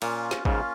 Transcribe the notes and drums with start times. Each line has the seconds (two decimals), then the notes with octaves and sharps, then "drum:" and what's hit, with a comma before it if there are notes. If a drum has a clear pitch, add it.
0.02 A#2 A#3 C#4 F4, drum: cymbal
0.31 drum: snare
0.45 G#2 C#3 A#3 C#4 F4, drum: kick